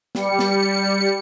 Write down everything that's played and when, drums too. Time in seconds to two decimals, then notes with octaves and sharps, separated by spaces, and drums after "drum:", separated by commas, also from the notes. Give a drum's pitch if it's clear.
0.15 G3 C#7, drum: snare
0.39 drum: snare